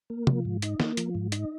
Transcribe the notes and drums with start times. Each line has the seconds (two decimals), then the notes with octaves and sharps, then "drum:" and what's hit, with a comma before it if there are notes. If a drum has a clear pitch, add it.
0.10 A#3
0.27 F3, drum: tom C3
0.45 G#2
0.62 D#4, drum: hi-hat
0.80 A#3, drum: snare
0.97 F3, drum: hi-hat
1.15 G#2
1.32 D#4, drum: hi-hat